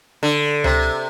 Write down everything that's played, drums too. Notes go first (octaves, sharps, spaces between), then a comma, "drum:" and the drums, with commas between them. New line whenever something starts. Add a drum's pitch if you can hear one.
D3
C3, drum: tom C#2